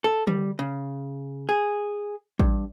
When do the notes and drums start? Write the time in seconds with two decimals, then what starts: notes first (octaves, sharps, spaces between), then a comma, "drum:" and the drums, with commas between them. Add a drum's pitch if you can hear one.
0.04 A4
0.27 G3, drum: tom D3
0.59 C#3
1.49 G#4
2.39 G2, drum: kick A1